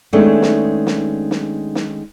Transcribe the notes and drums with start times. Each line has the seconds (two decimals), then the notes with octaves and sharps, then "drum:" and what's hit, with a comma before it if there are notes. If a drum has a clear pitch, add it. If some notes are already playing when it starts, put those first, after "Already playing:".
0.13 D#3 G#3 A3 B3 C#4 D4
0.42 drum: snare
0.87 drum: snare
1.31 drum: snare
1.75 drum: snare